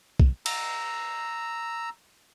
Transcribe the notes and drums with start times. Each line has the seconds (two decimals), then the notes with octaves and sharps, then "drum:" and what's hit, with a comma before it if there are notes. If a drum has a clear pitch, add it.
0.20 drum: kick
0.46 A#5 E6, drum: cymbal